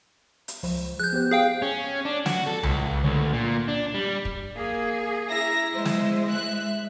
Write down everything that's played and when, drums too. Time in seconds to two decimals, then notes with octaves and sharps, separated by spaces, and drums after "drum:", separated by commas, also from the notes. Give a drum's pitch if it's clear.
0.48 drum: hi-hat
0.63 C#2 F3 C5, drum: open hi-hat
1.00 G#4 F#6 G6
1.13 B3 G4 C5
1.31 G#4 F5 G5
1.62 C#4
2.05 D4
2.26 F#4, drum: snare
2.47 A4
2.63 C#2, drum: tom C2
3.04 D2
3.33 A#2
3.68 D4
3.94 G3
4.25 drum: kick
4.56 A#3 G#4
5.29 E4 E5 A#5 A#6
5.73 G#3 C5
5.85 drum: snare
6.26 E5 F#6